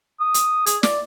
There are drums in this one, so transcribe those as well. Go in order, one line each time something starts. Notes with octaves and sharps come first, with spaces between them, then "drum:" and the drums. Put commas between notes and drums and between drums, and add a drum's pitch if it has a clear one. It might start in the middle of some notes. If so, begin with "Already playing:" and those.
D#6
drum: hi-hat
G#4, drum: hi-hat
D5, drum: snare